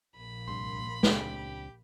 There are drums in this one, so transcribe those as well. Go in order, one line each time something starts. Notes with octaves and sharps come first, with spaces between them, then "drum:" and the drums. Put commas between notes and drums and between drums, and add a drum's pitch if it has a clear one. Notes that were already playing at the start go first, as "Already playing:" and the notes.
A#1 A#3 B5
C2 G2 C6
C#2 C4 D4 G4, drum: snare